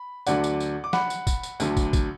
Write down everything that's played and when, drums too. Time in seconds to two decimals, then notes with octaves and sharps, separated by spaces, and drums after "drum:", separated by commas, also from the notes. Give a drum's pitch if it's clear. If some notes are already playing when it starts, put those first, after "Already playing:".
Already playing: B5
0.27 D2 D3 F#3 D5 F#5, drum: tambourine
0.44 drum: tambourine
0.60 drum: tambourine
0.84 D6
0.93 F#5 B5, drum: snare
1.10 drum: tambourine
1.27 drum: kick, tambourine
1.43 drum: tambourine
1.60 D2 D3 F#3, drum: tambourine
1.77 drum: kick, tambourine
1.93 drum: kick, tambourine